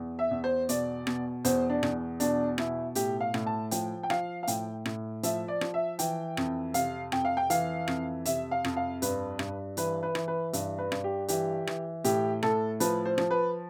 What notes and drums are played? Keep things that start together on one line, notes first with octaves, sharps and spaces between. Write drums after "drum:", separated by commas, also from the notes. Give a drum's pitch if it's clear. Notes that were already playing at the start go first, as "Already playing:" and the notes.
Already playing: E2
E5
E2
C5
B2 D5, drum: hi-hat
B2, drum: rim click
E2 C5, drum: hi-hat
D4
E2, drum: rim click
B2 D4, drum: hi-hat
B2 E4, drum: rim click
A2 G4, drum: hi-hat
F5
A2, drum: rim click
A5
F3 G5, drum: hi-hat
G5
F3 F5, drum: rim click
F5
A2 G5, drum: hi-hat
A2, drum: rim click
F3 E5, drum: hi-hat
D5
F3, drum: rim click
E5
E3 G5, drum: hi-hat
F2, drum: rim click
C3 F5, drum: hi-hat
F2 G5, drum: rim click
F5
G5
E3 F5, drum: hi-hat
F2, drum: rim click
C3 E5, drum: hi-hat
F5
F2, drum: rim click
F5
G2 B4, drum: hi-hat
G2, drum: rim click
E3 B4, drum: hi-hat
B4
E3, drum: rim click
B4
G2, drum: hi-hat
B4
G2, drum: rim click
G4
E3 G4, drum: hi-hat
E3, drum: rim click
A2 G4, drum: hi-hat
A2 A4, drum: rim click
F3 B4, drum: hi-hat
C5
F3, drum: rim click
B4